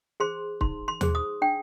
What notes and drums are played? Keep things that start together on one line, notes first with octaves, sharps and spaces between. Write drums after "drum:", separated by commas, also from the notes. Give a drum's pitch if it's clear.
G#4 C5 C6
D#4 C6, drum: kick C#1
C6
G#4 C5, drum: tom D#2
D#6
D4 G5